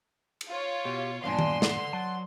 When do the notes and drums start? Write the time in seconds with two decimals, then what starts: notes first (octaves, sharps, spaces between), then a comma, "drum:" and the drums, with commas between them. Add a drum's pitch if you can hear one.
0.41 drum: cymbal
0.50 F4 C#5
0.85 B2 G4
1.24 E2 G2 A#2 B3 D4 F5 G#5 C6
1.39 drum: tom D#3
1.62 A4 F#5, drum: snare
1.93 F#3 F#5 A5